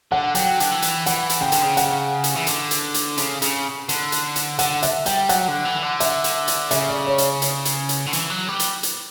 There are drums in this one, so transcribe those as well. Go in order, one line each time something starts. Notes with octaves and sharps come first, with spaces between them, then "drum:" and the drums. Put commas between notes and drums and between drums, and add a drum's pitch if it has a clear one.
D3 F#5
F#3 G5, drum: hi-hat
D3, drum: hi-hat
E3
drum: hi-hat
E3 F#5, drum: hi-hat
drum: hi-hat
C#3 G5
D3, drum: hi-hat
C#3
F#5, drum: hi-hat
drum: hi-hat
E3
D3, drum: hi-hat
drum: hi-hat
drum: hi-hat
C#3, drum: hi-hat
C#3, drum: hi-hat
D3, drum: hi-hat
drum: hi-hat
drum: hi-hat
D3 F#5, drum: hi-hat
E5, drum: hi-hat
G3 G5, drum: hi-hat
F#3 F#5, drum: hi-hat
D3
E3
D3
E5, drum: hi-hat
drum: hi-hat
drum: hi-hat
C#3 E5, drum: hi-hat
D5
C#5
drum: hi-hat
drum: hi-hat
drum: hi-hat
drum: hi-hat
D3
E3, drum: hi-hat
F#3
G3
drum: hi-hat
drum: hi-hat